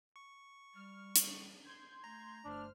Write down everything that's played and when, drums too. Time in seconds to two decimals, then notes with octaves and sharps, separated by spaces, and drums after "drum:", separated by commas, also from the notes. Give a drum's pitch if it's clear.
0.16 C#6
0.74 G3 F6
1.16 drum: hi-hat
1.64 C6 G6 G#6
2.04 A3 A#5
2.44 G1 A3 D4 C5 F6